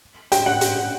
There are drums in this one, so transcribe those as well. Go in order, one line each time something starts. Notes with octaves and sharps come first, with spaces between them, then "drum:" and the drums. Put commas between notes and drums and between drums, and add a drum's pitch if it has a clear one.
G5, drum: hi-hat
F#5
drum: hi-hat